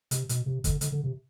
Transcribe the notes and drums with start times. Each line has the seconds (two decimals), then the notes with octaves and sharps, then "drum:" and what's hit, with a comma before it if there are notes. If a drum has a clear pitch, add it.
0.11 C3, drum: hi-hat
0.29 B2, drum: hi-hat
0.46 C3
0.64 D3, drum: kick, hi-hat
0.81 D3, drum: hi-hat
0.92 D3
1.04 C3